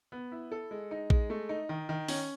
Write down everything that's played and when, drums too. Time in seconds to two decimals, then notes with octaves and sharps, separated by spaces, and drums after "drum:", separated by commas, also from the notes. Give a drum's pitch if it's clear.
0.12 B3
0.32 E4
0.52 A4
0.71 G#3
0.91 D#4
1.10 G#3, drum: kick A#1
1.30 A3
1.49 D#4
1.69 D#3
1.89 D#3
2.08 C#4, drum: open hi-hat